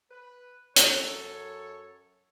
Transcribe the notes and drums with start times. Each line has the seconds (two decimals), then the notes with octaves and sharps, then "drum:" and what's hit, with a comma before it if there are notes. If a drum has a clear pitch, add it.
0.11 B4
0.76 F#2 A4 C#5, drum: hi-hat